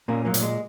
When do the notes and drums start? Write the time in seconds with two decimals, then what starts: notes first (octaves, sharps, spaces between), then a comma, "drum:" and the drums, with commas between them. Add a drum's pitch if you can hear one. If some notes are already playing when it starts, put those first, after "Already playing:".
0.08 A#2 A#3 C#4
0.25 F#3 A#3
0.34 A#2, drum: hi-hat
0.42 G#3